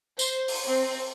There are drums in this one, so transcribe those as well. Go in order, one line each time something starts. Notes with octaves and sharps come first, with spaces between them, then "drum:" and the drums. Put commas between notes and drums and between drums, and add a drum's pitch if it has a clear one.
C5, drum: tambourine
drum: open hi-hat
C4